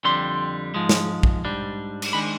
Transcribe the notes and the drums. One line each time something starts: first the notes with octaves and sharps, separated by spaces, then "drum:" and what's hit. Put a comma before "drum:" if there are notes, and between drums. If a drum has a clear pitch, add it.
F2 D3 G3 C6
G#2 F3 G#3
drum: snare
drum: kick
G#2 G3 D4
drum: cymbal
D#3 G#3 D4 B5